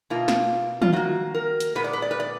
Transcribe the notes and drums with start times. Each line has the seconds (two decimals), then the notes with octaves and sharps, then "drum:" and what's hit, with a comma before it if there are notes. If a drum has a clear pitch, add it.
0.10 B2 A#3 F4
0.28 drum: snare
0.82 F4, drum: tom
0.92 D#3 A#3 F#4
1.34 A#4
1.60 drum: hi-hat
1.75 A#2 G#3 B3 B4
1.84 D5
1.93 B4
2.02 D5
2.11 B4
2.20 D5